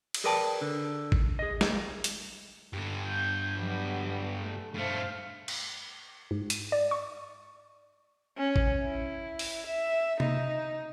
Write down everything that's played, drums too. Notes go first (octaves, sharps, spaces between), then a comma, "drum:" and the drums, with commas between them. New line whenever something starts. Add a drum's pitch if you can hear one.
drum: cymbal
G#4 A#4 B4 D5 G5 A5
D3
drum: kick G#1
G#4 D#5
drum: snare
drum: hi-hat
G2 D3
G6 G#6
F#3 G3 B3
A3
G2 A3 C5 F5 A5
drum: cymbal
G#2
D#7, drum: hi-hat
D5
C#6
C#4
drum: kick G#1
E4
drum: open hi-hat
E5
D#4, drum: tom C3